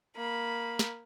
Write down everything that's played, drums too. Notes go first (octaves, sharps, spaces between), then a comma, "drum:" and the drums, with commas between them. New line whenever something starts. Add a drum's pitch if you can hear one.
A#3 B5
drum: snare